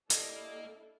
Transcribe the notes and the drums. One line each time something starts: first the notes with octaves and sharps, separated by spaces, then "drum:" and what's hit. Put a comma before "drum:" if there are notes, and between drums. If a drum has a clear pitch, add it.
G3 A#3 D4 E4 A4 D#5, drum: hi-hat